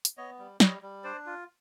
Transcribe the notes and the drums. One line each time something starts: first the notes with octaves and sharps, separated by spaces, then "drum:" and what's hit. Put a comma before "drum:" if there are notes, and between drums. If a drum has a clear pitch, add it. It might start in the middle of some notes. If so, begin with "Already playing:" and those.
drum: hi-hat
B3 C#5 D#5
G3
G3 C#5 D#5, drum: snare
G3
D4 C5 D5
F4